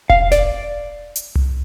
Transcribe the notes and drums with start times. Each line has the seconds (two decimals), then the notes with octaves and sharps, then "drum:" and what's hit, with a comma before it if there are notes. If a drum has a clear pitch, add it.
0.10 F5, drum: kick E1
0.32 D5, drum: snare G#1
1.16 drum: hi-hat
1.35 drum: tom C2